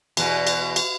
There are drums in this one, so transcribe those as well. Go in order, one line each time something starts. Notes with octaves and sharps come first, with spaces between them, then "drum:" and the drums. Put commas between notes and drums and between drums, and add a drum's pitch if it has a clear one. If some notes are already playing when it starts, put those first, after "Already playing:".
E2 B2, drum: cymbal
drum: cymbal
drum: cymbal